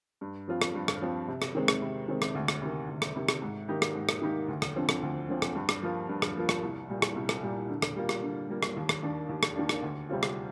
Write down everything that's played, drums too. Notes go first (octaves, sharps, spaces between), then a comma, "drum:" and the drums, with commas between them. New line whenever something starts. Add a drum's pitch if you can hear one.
G2
F3 C4 F4
drum: rim click
G2
drum: rim click
F3 C4 F4
C3
drum: rim click
D#3 G#3 C4
drum: rim click
C3
D#3 G#3 C4
drum: rim click
D2
drum: rim click
C3 D#3
D2
drum: rim click
C3 D#3
drum: rim click
G#2
D#3 A#3 D#4 G4
drum: rim click
G#2
drum: rim click
D#3 A#3 D#4 G4
D2
drum: rim click
D3 F3 C4
drum: rim click
D2
D3 F3 C4
drum: rim click
G2
drum: rim click
F3 A#3 F4
G2
drum: rim click
F3 A#3 F4
drum: rim click
C2
A#2 G3
drum: rim click
C2
drum: rim click
A#2 G3
D3
drum: rim click
G3 A#3 F4
drum: rim click
D3
G3 A#3 F4
drum: rim click
D#2
drum: rim click
D#3 A#3 D4
D#2
drum: rim click
D#3 A#3 D4
drum: rim click
D2
C3 G3 C4 F4
drum: rim click